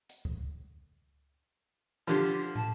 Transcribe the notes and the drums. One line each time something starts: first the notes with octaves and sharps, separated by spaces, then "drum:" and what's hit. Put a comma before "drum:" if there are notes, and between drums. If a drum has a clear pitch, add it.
drum: hi-hat
drum: kick C#2
D3 F3 G4
A5, drum: tom